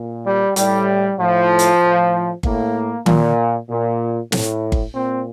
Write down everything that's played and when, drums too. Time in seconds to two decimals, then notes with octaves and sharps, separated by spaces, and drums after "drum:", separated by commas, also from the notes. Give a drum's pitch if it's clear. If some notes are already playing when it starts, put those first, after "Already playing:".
Already playing: A#2
0.25 G3
0.56 A2 G3, drum: hi-hat
1.18 A2 F3
1.59 drum: hi-hat
1.81 A2
2.43 A2 A#3, drum: kick G1
3.06 A#2, drum: tom D#3
3.69 A#2
4.32 A2, drum: snare
4.72 drum: kick G1
4.93 A#2 C4